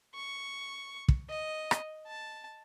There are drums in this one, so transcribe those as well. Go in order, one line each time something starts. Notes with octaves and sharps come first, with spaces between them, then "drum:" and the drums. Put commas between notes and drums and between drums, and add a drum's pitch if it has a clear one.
C#6
drum: kick
D#5
drum: rim click
A5